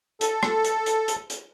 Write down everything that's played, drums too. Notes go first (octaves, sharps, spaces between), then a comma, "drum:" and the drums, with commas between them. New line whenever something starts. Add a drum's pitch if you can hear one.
A4, drum: hi-hat
drum: rim click
drum: hi-hat
drum: hi-hat
drum: hi-hat
drum: hi-hat